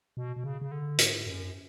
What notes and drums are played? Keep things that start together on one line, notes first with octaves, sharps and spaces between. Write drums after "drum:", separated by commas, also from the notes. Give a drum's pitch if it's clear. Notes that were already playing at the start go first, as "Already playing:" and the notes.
B2
B2
C#3
C#3
D3
G#2, drum: hi-hat
F#2